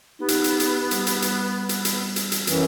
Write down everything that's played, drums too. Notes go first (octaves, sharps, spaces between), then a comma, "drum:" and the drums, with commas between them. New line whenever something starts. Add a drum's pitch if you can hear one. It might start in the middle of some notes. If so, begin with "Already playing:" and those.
B3 D#4 G4
drum: hi-hat
drum: hi-hat
drum: hi-hat
G3, drum: hi-hat
drum: hi-hat
drum: hi-hat
drum: hi-hat
drum: hi-hat
drum: hi-hat
drum: hi-hat
F#2 E3, drum: hi-hat